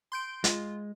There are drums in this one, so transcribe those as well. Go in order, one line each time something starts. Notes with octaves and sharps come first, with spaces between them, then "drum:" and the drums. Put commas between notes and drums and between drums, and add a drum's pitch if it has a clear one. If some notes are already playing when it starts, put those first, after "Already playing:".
C6 G6 D7
G#3 F4, drum: hi-hat